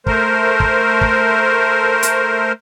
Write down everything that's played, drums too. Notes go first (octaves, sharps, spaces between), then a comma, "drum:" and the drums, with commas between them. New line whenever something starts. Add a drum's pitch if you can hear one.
A3 A#4 C5, drum: kick
drum: kick
drum: kick
drum: hi-hat